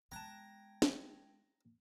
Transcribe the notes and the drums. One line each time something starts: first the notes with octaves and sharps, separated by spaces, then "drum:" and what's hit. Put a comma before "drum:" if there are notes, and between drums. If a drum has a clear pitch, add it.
G#3 B3 G5 A5 A#5 F#6 G#6
drum: snare